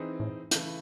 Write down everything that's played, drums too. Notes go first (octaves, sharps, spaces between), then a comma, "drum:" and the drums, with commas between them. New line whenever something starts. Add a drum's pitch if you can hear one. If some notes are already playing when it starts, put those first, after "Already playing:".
Already playing: E3 C4 D#4 G#4
A2
C#3 E3 A3, drum: hi-hat